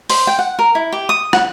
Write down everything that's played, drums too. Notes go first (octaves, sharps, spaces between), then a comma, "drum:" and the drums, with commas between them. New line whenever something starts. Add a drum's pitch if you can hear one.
C5, drum: open hi-hat
G5
F#5
A#4
E4
G4
D#6
F#5, drum: rim click